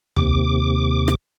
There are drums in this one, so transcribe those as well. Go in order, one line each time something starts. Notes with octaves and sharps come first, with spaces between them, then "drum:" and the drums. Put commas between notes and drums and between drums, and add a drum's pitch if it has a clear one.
D#2 C3 D6, drum: tom
drum: rim click